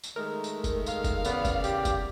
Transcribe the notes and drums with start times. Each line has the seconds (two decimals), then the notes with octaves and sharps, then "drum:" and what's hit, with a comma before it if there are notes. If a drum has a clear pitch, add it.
0.04 drum: tambourine
0.16 D#3 G#3 A3 A#4
0.44 drum: tambourine
0.64 drum: kick, tambourine
0.86 F5, drum: tambourine
1.04 drum: kick, tambourine
1.25 C#3 E3 B3 D5, drum: tambourine
1.45 drum: kick, tambourine
1.64 G4, drum: tambourine
1.85 drum: kick, tambourine